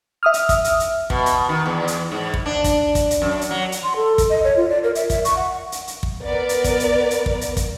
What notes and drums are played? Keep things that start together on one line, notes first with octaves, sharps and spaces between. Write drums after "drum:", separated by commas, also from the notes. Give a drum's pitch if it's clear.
E5 D#6 F6
drum: hi-hat
drum: kick, hi-hat
drum: hi-hat
drum: hi-hat
B2, drum: kick
drum: hi-hat
D#3
E2
drum: hi-hat
G#2
drum: kick
D4
drum: kick, hi-hat
drum: kick, hi-hat
drum: hi-hat
F#2
drum: hi-hat
F#3
drum: hi-hat
C6
A4
drum: kick, hi-hat
D#5
C#5
F4
D5
A#4
E5, drum: hi-hat
E5, drum: kick, hi-hat
C#6, drum: hi-hat
F#5
drum: hi-hat
drum: hi-hat
drum: kick
B3 A#4 D5
drum: hi-hat
drum: kick, hi-hat
drum: hi-hat
drum: hi-hat
drum: kick
drum: hi-hat
drum: kick, hi-hat